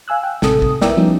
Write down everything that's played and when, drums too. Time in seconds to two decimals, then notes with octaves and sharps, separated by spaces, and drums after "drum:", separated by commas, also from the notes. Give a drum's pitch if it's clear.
0.08 F5 G#5 E6 F#6
0.23 G5
0.42 A1 C3 A4 D#6, drum: snare
0.62 drum: kick
0.81 B3 E4 A#4 D5 E5 G5, drum: snare
0.97 F3 G3 B3 C#4 D#4